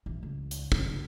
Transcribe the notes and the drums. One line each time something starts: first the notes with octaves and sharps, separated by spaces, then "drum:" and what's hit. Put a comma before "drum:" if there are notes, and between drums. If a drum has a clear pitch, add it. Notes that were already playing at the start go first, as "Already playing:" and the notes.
A#1 E3
C#2
drum: hi-hat
C#3, drum: kick